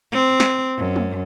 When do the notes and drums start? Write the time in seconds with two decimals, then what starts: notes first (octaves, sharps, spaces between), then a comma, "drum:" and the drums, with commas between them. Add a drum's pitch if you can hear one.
0.12 C4
0.40 drum: snare
0.78 F#2
0.96 drum: tom G#3